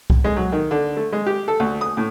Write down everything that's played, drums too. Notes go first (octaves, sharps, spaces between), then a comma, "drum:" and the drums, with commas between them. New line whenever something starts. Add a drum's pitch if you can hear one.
drum: kick C2
G#3
F#3
D#3
D3
A3
G#3
G4
A4
D2
D#6
A2